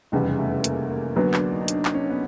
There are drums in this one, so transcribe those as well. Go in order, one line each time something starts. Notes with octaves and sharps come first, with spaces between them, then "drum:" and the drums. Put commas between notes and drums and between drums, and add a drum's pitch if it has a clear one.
F1 E2 C#3 G3
A3
A#3, drum: hi-hat
A#3
D2 D3 F#3 A#3 B3
D4, drum: clap
D#4
D#4
D4, drum: hi-hat
drum: clap
C#4
B3